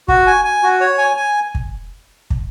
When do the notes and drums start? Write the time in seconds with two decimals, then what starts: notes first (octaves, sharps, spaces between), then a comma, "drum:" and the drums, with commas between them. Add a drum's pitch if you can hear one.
0.08 F#4, drum: kick
0.27 G#5
0.45 G#5
0.63 F#4
0.81 C#5
0.98 G#5
1.17 G#5
1.55 drum: kick
2.30 drum: kick